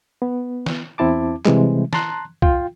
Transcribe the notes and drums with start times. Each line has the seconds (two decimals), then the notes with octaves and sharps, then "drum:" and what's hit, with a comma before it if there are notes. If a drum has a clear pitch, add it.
0.22 B3
0.66 drum: snare
0.98 E2 C4 E4 A5 D6
1.45 C3 E3 G3 G#3, drum: clap
1.93 A5 A#5 C6 F#6, drum: snare
2.42 F4 G5, drum: kick